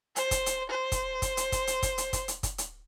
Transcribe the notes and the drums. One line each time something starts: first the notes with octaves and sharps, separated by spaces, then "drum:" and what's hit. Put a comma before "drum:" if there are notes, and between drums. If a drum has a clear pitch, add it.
C5, drum: hi-hat
drum: kick, hi-hat
drum: hi-hat
C5
drum: kick, hi-hat
drum: kick, hi-hat
drum: hi-hat
drum: kick, hi-hat
drum: hi-hat
drum: kick, hi-hat
drum: hi-hat
drum: kick, hi-hat
drum: hi-hat
drum: kick, hi-hat
drum: hi-hat